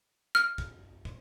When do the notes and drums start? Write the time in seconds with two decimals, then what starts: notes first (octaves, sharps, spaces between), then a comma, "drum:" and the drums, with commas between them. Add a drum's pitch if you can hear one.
0.35 F6
0.58 drum: kick
1.05 drum: kick